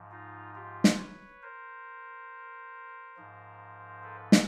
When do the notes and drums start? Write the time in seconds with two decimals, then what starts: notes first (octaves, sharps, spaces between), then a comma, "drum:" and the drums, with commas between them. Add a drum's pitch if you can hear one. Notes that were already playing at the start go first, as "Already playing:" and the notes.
Already playing: G#2 F3
0.11 D#4 F4
0.55 F4 G4
0.84 drum: snare
0.98 B4 C#5
1.42 A#4 C5
3.16 G#2 F3
4.03 A4 B4
4.32 drum: snare